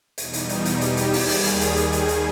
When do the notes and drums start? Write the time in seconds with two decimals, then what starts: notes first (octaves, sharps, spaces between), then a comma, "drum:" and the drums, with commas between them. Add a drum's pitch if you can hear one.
0.18 E2 B2 G3 D#4, drum: hi-hat
0.33 drum: hi-hat
0.49 drum: hi-hat
0.65 G4, drum: hi-hat
0.81 drum: hi-hat
0.97 drum: hi-hat
1.13 D#2 D#3 G3 G#4, drum: open hi-hat
1.29 drum: open hi-hat
1.45 drum: hi-hat
1.61 G#4, drum: hi-hat
1.77 drum: hi-hat
1.93 drum: hi-hat
2.08 drum: hi-hat